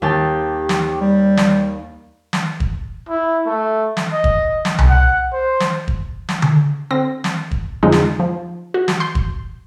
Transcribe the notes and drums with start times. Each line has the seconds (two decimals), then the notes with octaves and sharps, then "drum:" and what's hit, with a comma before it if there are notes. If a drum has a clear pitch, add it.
0.02 D#2 G4 G5 A5
0.69 drum: snare
1.01 G3
1.37 drum: snare
2.33 drum: snare
2.60 drum: kick
3.09 E4
3.46 A3
3.97 drum: snare
4.12 D#5
4.24 drum: kick
4.65 drum: snare
4.78 drum: tom C2
4.89 F#5
5.33 C5
5.60 drum: snare
5.88 drum: kick
6.29 drum: snare
6.42 drum: tom D3
6.91 D3 C4 A#6
7.24 drum: snare
7.51 drum: kick
7.83 F2 D3 F3 G#3 D#4
7.92 drum: snare
8.20 F3
8.74 F#4
8.88 drum: snare
9.00 C6 G6
9.15 drum: kick